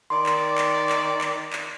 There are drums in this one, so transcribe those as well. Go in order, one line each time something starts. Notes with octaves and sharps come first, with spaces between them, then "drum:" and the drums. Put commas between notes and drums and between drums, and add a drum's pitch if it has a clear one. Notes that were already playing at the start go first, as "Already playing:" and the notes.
D#3 D5 C6
drum: clap
drum: clap
drum: clap
drum: clap
drum: clap